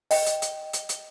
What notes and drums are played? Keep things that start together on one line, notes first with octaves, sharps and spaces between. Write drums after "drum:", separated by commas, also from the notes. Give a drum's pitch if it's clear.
D#5 G5, drum: open hi-hat
drum: hi-hat
drum: hi-hat
drum: hi-hat
drum: hi-hat